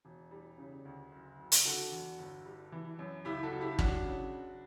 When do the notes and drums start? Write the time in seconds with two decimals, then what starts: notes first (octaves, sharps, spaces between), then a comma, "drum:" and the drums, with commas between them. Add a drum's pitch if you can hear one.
0.05 E1
0.31 G3
0.58 C#3
0.85 D2
1.12 F#1
1.39 F#1
1.52 drum: hi-hat
1.65 D3 F#4 A4
1.92 E2
2.18 G1
2.46 G3
2.72 E3
2.99 F#2
3.25 C#2 E4 G4
3.43 F#4 A4
3.53 C#2
3.61 E4 G4
3.79 F#3 D4 F#4, drum: kick
4.06 C#3
4.32 F#1